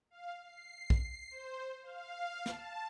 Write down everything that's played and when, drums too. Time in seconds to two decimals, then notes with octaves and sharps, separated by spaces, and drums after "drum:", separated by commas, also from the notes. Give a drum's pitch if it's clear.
0.11 F5
0.43 C7
0.90 drum: kick A#1
1.31 C5
1.83 F5
2.46 A5, drum: snare